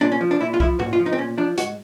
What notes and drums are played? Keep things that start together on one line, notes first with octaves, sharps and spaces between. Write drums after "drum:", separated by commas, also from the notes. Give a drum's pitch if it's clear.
A#2 D4
C#4
F3
D4
A#2 E4
F4
F3 E4, drum: kick C2
A#2 F#4, drum: tom G#2
F4
F3
D#4
C4
A#2 C#4
F3 D4
G#2 F#4, drum: hi-hat